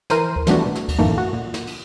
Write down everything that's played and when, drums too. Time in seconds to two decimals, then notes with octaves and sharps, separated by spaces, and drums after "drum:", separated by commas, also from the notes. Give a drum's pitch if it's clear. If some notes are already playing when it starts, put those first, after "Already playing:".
0.10 E3 A#4 C5 D#7, drum: snare
0.36 drum: kick D2
0.47 E3 G3 A3 B3 D4 F#4, drum: snare
0.66 B2
0.75 drum: snare
0.88 drum: kick D2, cymbal
0.99 A1 F#2 D#3 E3 A3 A#3
1.18 F#4
1.33 A#2
1.54 drum: snare
1.67 drum: cymbal